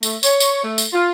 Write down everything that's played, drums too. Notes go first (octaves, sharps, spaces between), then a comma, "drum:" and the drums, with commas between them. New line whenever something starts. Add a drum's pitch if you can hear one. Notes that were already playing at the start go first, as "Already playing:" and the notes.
A3, drum: tambourine
C#5, drum: tambourine
drum: tambourine
A3
drum: tambourine
F4